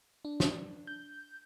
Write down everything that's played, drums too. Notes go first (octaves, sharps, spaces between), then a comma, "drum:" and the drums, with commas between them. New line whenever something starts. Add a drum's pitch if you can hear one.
D4
drum: snare
G6